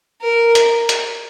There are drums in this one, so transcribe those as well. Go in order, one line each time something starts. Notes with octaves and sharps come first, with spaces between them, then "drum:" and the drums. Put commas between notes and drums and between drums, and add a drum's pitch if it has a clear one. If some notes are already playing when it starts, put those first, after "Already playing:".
A#4
drum: hi-hat
drum: hi-hat